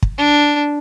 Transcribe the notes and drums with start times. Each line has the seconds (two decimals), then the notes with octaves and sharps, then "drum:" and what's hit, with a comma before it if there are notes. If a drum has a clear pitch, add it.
0.02 drum: kick
0.18 D4